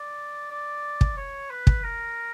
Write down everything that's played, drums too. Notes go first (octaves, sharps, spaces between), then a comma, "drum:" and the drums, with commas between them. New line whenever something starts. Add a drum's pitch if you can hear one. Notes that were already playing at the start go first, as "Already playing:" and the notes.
Already playing: D5
D5
drum: kick
C#5
B4
drum: kick
A#4